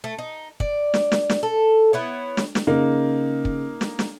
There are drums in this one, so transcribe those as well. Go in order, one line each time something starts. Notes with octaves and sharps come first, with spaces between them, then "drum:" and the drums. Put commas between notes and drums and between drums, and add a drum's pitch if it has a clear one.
A3
D#4
D5, drum: kick
drum: snare
drum: snare
drum: snare
A4
B3 E4 C#5
drum: snare
drum: snare
C#3 A#3 D#4
drum: kick
drum: snare
drum: snare